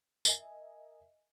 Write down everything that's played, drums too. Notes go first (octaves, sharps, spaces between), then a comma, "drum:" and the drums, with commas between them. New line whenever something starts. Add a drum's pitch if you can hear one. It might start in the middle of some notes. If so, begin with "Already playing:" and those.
A#4 D#5 E5 G#5, drum: tambourine